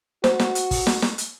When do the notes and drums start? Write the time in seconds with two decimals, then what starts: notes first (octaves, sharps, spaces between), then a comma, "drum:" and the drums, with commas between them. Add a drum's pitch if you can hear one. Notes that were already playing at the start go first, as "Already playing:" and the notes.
0.24 F#4 C5, drum: snare
0.39 drum: snare
0.55 drum: hi-hat
0.71 drum: kick, open hi-hat
0.87 drum: snare
1.02 drum: snare
1.18 drum: hi-hat